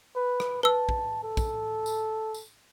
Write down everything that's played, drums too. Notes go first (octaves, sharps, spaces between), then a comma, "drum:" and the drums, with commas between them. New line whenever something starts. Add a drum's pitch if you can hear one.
B4
drum: rim click
B4 A5 E6
drum: kick
A4
drum: kick, tambourine
drum: tambourine
drum: tambourine